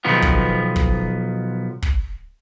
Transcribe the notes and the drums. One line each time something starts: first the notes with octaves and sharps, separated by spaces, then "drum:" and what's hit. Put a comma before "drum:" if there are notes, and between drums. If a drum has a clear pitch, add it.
B1 D#3 F3 B3
drum: kick
drum: kick
drum: kick